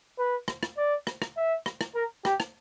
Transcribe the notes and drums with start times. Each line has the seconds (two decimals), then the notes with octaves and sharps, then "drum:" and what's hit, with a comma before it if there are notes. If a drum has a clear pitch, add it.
0.19 B4
0.48 drum: rim click
0.63 drum: rim click
0.77 D5
1.07 drum: rim click
1.22 drum: rim click
1.37 E5
1.66 drum: rim click
1.81 drum: rim click
1.95 A#4
2.25 G4, drum: rim click
2.40 drum: rim click